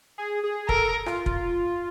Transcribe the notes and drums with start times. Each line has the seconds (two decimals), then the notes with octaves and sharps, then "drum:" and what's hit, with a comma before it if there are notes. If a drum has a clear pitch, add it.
0.18 G#4
0.44 G#4
0.69 A4 A#4, drum: kick
1.06 F4, drum: rim click
1.26 F4, drum: kick